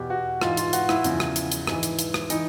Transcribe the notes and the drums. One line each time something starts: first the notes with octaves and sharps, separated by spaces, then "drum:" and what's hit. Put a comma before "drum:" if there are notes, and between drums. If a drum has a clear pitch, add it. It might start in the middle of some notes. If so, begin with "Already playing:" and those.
Already playing: E2 B2 G4
F#4
G#2 E3 F4, drum: rim click
F4, drum: hi-hat
F#4, drum: hi-hat
E4, drum: rim click
E2 C#3 F3, drum: hi-hat
drum: rim click
drum: hi-hat
drum: hi-hat
G#2 E3, drum: rim click
drum: hi-hat
drum: hi-hat
drum: rim click
E3 D#4, drum: hi-hat